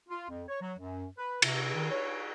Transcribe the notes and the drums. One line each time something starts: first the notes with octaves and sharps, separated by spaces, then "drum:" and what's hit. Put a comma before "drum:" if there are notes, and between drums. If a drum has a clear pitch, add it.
F4
F2
C#5
F#3
F#2
B4
C3, drum: cymbal
D#3
C#5